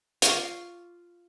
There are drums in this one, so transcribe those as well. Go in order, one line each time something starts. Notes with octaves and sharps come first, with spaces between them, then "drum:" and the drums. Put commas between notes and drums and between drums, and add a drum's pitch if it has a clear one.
F4 C#6 D6, drum: hi-hat